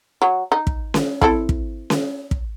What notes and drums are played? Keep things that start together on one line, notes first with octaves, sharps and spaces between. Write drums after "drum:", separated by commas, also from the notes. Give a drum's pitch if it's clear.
F#3
D#4
drum: kick
drum: snare C#4
C4 E4 A4, drum: kick
drum: kick
drum: snare C#4
drum: kick